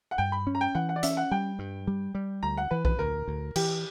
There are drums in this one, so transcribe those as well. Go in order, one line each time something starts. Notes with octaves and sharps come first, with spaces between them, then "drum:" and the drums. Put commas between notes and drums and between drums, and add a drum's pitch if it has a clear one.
F#5
G2 G5
B5
C#4
A#5
G5
E3 F#5
F#5
D5
C#4 E5, drum: hi-hat
F#5
G3 G5
G2
G3
G3
D2 A#5
F#5
E3 B4
B4, drum: kick B1
D2 A#4
D2
E3 G4, drum: cymbal